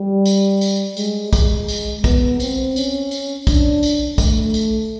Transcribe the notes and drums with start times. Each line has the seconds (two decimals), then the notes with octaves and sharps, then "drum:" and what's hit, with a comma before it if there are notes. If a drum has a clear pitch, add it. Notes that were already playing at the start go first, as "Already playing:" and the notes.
Already playing: G3
0.26 drum: tambourine
0.61 drum: tambourine
0.97 G#3, drum: tambourine
1.33 G#3, drum: kick, tambourine
1.68 drum: tambourine
2.04 B3, drum: kick, tambourine
2.40 C4, drum: tambourine
2.76 C#4, drum: tambourine
3.11 drum: tambourine
3.47 D4, drum: kick, tambourine
3.83 drum: tambourine
4.18 A3, drum: kick, tambourine
4.54 drum: tambourine